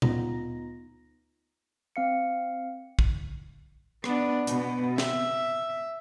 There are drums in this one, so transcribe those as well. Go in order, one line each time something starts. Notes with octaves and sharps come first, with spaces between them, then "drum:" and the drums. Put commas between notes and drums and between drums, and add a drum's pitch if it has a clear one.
D2 B3 D#4 F4 A#5 A#6, drum: tom A#2
C4 F5 C#7
drum: kick
B3 D4, drum: rim click
B2 B3, drum: hi-hat
E5, drum: snare